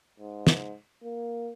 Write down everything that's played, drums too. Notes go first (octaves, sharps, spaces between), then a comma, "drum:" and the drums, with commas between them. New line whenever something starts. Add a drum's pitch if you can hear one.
G#2
drum: snare
A#3